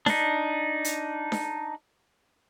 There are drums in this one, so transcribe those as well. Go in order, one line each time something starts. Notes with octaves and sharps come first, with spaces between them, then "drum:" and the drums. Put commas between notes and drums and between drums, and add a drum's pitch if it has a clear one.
D4 D#4, drum: snare D4
drum: hi-hat
drum: snare D4